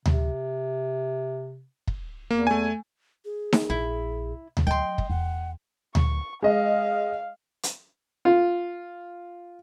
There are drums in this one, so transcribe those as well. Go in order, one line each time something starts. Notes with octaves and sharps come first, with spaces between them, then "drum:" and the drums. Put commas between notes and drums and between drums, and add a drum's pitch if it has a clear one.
C3, drum: tom D2
drum: kick
E2 A#3
A3 G#5
G#4
drum: snare D#4
A#1 E4
drum: tom D2
F#3 D#5 G5 C6
drum: kick
E2 F#5
C#6, drum: tom D2
G#3 D#5 F5
drum: hi-hat
F4